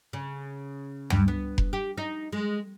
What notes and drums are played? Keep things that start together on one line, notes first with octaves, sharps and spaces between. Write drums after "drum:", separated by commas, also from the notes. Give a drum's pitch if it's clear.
C#3
G2, drum: tom D2
B3
drum: kick F1
G4
D#4
G#3